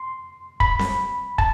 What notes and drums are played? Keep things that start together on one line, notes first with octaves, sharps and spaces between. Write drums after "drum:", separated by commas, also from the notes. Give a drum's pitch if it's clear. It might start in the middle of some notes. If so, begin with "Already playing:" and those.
Already playing: C6
B5, drum: kick
drum: snare C4
A5, drum: kick